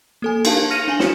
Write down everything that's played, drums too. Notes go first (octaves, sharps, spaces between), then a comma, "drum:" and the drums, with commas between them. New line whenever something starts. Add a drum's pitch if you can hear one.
A#3 A4 G#5
D4 D#4 G4 A#4 F5 A5, drum: cymbal
D#4
F6 A#6 C#7 D#7 F7
D4 G#5 F#7 G7
F#4 C#7 E7, drum: snare